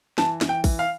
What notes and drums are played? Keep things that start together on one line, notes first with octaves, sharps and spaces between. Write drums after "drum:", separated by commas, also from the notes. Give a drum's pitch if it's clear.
E3 A5, drum: snare
E3, drum: snare
G5
E3, drum: kick, open hi-hat
F5